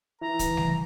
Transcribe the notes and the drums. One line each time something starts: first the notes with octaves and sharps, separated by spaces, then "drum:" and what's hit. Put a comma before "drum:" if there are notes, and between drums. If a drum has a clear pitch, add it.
E3 A#5
drum: kick, hi-hat
drum: snare